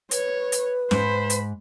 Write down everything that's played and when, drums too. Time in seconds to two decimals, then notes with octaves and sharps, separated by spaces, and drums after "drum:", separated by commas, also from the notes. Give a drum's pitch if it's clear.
0.11 B4 C#5, drum: hi-hat
0.52 drum: hi-hat
0.91 G#2 C5 B5, drum: snare
1.30 drum: hi-hat